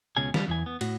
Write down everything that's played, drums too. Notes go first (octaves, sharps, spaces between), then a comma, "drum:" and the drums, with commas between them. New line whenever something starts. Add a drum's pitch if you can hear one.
C#2 B2 C#4 G#4 G#5
G3, drum: snare
E2 E3 G#5
B3
A2 F#4, drum: cymbal